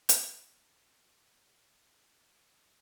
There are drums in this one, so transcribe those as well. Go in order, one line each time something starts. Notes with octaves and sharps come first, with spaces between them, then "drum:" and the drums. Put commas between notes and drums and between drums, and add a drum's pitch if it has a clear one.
drum: hi-hat
D#3 G#3 B4